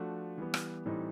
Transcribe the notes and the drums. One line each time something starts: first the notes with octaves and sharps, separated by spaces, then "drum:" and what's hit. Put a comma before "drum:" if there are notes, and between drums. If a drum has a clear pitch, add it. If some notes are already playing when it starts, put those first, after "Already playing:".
Already playing: F3 A3 D4 F#4
E3 G3 B3
drum: rim click
A2 E3 G3 C4 D#4